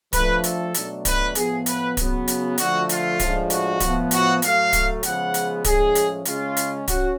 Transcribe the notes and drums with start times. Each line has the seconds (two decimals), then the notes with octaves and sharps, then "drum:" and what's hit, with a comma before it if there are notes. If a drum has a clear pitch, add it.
0.13 F3 A3 D4 B4, drum: kick D1, hi-hat
0.44 A4, drum: hi-hat
0.75 B2 F#3 A3 D4, drum: hi-hat
1.05 B4, drum: kick D1, hi-hat
1.35 A2 F3 B3 G#4, drum: hi-hat
1.66 B4, drum: hi-hat
1.97 C#3 F#3 B3, drum: kick D1, hi-hat
2.28 drum: hi-hat
2.58 D3 F3 A3 F#4, drum: hi-hat
2.89 F4, drum: hi-hat
3.20 A2 F3 G#3 D4, drum: kick D1, hi-hat
3.50 F#4, drum: hi-hat
3.80 A2 F3 B3, drum: kick D1, hi-hat
4.11 F#4, drum: hi-hat
4.42 A2 F#3 A3 F5, drum: hi-hat
4.73 drum: kick D1, hi-hat
5.03 C#3 F3 G#3 B3 F#5, drum: hi-hat
5.34 drum: hi-hat
5.65 A2 F3 G#3 C#4 G#4, drum: kick D1, hi-hat
5.95 drum: hi-hat
6.25 C#3 G#3 C#4 F4, drum: hi-hat
6.57 drum: hi-hat
6.88 C#4 F#4, drum: kick D1, hi-hat